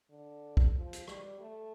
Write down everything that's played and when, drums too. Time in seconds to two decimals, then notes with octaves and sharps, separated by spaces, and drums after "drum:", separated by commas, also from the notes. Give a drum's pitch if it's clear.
0.10 D3
0.57 drum: kick
0.75 F3
0.93 drum: hi-hat
1.07 G3, drum: rim click
1.40 A3